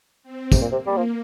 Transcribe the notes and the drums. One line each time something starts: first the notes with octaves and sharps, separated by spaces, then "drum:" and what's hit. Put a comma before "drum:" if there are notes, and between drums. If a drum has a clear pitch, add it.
C4
C3 A#3, drum: kick, tambourine
A#2
C3
G3 A#3
F3